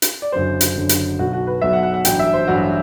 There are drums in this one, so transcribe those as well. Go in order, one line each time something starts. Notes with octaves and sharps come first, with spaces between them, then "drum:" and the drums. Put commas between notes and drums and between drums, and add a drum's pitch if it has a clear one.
drum: hi-hat
D5
F#1 F#2 D3 F#3 C5
drum: hi-hat
F#1 F#2 D3 F#3
drum: hi-hat
B1 B2 F#3 F#4
F#4
B4
B1 B2 F#3 E5
F#5
F#5
F#5
A1 G2 F#3 G5, drum: hi-hat
E5
C5
A1 G2 F#3 F#4